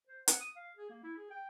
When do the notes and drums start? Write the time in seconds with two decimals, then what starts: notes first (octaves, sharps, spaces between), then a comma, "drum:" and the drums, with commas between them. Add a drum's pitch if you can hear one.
0.08 C5
0.28 F#5, drum: hi-hat
0.40 D#6
0.56 F5
0.77 G#4
0.90 A#3
1.03 E4
1.17 G#4
1.31 G5